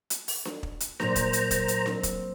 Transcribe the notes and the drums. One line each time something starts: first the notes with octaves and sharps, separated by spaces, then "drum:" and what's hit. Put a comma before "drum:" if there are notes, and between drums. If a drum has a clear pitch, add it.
drum: hi-hat
drum: open hi-hat
drum: snare D4
drum: kick
drum: hi-hat
A#2 F#3 A#3 C5 A#5, drum: snare D4
drum: kick, hi-hat
drum: hi-hat
drum: kick, hi-hat
drum: hi-hat
C4, drum: snare D4
drum: kick, hi-hat